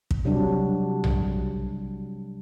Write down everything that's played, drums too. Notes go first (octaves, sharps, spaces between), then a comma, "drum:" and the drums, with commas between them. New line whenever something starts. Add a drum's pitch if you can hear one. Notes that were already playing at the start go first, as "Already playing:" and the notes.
drum: kick
C3 F#3 G3 D4
drum: tom B1